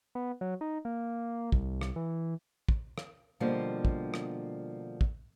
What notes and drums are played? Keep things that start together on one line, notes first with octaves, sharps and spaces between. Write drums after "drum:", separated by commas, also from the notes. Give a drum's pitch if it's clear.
B3
F#3
D#4
A#3
C2, drum: kick
drum: rim click
E3
drum: kick
drum: rim click
B2 D3 F3 G3 A#3
drum: kick
drum: rim click
drum: kick